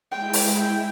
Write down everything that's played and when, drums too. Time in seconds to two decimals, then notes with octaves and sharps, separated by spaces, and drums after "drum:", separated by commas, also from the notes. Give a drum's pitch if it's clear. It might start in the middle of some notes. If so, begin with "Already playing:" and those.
0.12 G#3 E4 G5
0.33 drum: open hi-hat